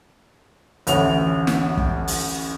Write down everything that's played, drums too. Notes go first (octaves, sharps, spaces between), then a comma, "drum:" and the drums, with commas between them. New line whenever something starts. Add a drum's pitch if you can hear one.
A1 D2 E3 C#5 F7, drum: hi-hat
drum: snare
drum: kick
drum: open hi-hat